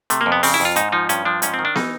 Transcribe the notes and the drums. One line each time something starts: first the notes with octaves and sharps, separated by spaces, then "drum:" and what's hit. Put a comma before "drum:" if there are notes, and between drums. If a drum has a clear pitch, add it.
C3 A3, drum: hi-hat
A#3
F2
B3
C#3 C4, drum: open hi-hat
E4
F2
F4
G#2 D#4, drum: hi-hat
F3 D#4
G2 C#4, drum: hi-hat
F3 D4
G#2 C#4, drum: hi-hat
C4
D#3
D4
E3 D#4, drum: snare